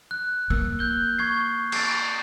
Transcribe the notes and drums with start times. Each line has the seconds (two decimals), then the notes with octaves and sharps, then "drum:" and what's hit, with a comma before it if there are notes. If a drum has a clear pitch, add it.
0.11 F#6
0.50 A#3 E6
0.79 F#6 G6 G7
1.18 C#6 G#6 C7
1.72 A6 C7, drum: cymbal